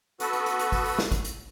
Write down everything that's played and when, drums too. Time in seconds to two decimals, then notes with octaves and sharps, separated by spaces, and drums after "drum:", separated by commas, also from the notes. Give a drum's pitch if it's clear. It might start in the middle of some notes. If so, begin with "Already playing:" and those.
0.20 B3 F#4 A4 B4, drum: hi-hat
0.33 drum: hi-hat
0.46 drum: hi-hat
0.59 drum: hi-hat
0.72 drum: kick, open hi-hat
0.85 drum: open hi-hat
0.98 drum: snare
1.12 drum: kick, hi-hat
1.25 drum: hi-hat